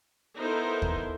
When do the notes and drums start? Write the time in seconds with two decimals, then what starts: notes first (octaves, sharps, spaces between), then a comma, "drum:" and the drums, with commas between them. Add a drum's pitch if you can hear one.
0.38 B3 D#4 E4 A4 A#4 C5
0.82 drum: kick